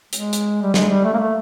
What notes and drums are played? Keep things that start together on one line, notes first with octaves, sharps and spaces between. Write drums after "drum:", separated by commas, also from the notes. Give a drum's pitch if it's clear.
G#3, drum: hi-hat
drum: hi-hat
G3
G#3, drum: snare
G3
A3
A#3
A3